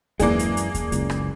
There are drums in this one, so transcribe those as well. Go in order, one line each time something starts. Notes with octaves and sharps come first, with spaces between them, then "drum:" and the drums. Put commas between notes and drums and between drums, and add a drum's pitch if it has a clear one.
F#2 E3 G#3 A#3 D4 G#4, drum: kick D#2, hi-hat
drum: hi-hat
drum: hi-hat
drum: kick D#2, hi-hat
F#1 C#2, drum: hi-hat
drum: rim click